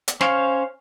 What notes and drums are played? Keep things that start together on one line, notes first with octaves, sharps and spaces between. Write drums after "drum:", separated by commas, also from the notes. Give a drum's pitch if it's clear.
drum: hi-hat
C#4 C5 C#5 F5, drum: snare